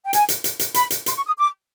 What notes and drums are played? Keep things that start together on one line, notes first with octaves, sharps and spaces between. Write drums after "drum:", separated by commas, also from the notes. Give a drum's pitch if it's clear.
G5
G#5, drum: hi-hat
drum: hi-hat
drum: hi-hat
drum: hi-hat
B5, drum: hi-hat
drum: hi-hat
C6, drum: hi-hat
C#6
D#6
D6